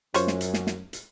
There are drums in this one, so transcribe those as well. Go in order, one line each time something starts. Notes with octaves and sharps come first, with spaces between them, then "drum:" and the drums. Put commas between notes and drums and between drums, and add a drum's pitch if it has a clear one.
F#2 F4 C5 C#5, drum: hi-hat
drum: snare
drum: hi-hat
drum: snare
drum: snare
drum: hi-hat